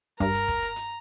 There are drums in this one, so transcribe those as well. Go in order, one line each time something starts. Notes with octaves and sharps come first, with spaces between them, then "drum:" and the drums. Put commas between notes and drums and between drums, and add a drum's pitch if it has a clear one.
G2 A#4 A#5, drum: kick, hi-hat
drum: hi-hat
drum: kick, hi-hat
drum: hi-hat
drum: hi-hat